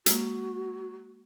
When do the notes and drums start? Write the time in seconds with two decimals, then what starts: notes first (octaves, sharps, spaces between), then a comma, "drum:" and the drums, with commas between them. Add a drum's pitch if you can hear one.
0.06 G#3 A#3 F#4, drum: hi-hat